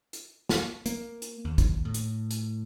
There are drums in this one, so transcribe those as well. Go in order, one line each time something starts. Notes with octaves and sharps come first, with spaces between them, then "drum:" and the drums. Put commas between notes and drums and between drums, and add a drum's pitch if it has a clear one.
drum: hi-hat
drum: snare
A#3, drum: hi-hat
drum: hi-hat
D#2
drum: kick, hi-hat
A2
drum: hi-hat
drum: hi-hat